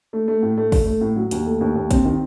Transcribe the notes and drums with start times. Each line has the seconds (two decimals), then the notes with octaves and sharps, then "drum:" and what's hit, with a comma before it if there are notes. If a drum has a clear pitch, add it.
0.13 A3
0.28 A3
0.42 A2
0.58 A3
0.72 A3, drum: kick, open hi-hat
0.86 A3
1.01 A2
1.16 F#3
1.31 D#2, drum: hi-hat
1.46 A3
1.61 D#2
1.75 D#2
1.91 C4, drum: kick, hi-hat
2.05 D#3